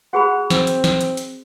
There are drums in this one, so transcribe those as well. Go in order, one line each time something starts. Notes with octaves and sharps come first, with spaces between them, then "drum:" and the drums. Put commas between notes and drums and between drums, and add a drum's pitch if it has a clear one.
F#4 G#4 F#5 B5
C4, drum: snare
drum: hi-hat
drum: snare
drum: hi-hat
drum: hi-hat